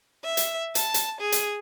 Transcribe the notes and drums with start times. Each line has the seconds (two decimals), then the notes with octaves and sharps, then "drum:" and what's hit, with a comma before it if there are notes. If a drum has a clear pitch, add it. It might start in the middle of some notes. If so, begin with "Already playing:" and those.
0.24 E5
0.37 drum: hi-hat
0.75 A5, drum: hi-hat
0.94 drum: hi-hat
1.21 G#4
1.32 drum: hi-hat